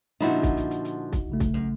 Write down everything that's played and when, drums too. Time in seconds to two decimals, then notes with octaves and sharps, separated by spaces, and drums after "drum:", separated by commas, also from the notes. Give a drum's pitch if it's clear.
0.20 A#2 D3 F3 D#4 E4 F#4
0.43 drum: kick, hi-hat
0.57 drum: hi-hat
0.71 drum: hi-hat
0.85 drum: hi-hat
1.13 drum: kick, hi-hat
1.30 A1 C#3 A3
1.40 drum: kick, hi-hat
1.54 F#2